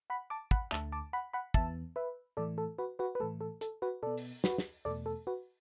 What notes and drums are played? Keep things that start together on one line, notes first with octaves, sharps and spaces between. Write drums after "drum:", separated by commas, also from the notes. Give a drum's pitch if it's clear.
F#5 B5
A5 D6
F#5 B5, drum: kick
D2 D3 A3 E5 A5, drum: clap
A5 D6
F#5 B5
F#5 B5
E2 E3 B3 E5 A5, drum: kick
B4 E5
A2 E3 A3 A4 D5
A4
F#4 B4
F#4 B4
B4
A2 E3 A3 A4
A4
A4, drum: hi-hat
F#4 B4
B2 B3 A4 D5
drum: open hi-hat
F#4 B4, drum: snare
drum: snare
E2 B2 A3 A4 D5
A4
F#4 B4